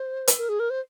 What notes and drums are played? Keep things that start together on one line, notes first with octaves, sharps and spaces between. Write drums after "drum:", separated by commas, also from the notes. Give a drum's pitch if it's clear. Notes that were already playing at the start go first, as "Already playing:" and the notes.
Already playing: C5
drum: hi-hat
A#4
G#4
A#4
C5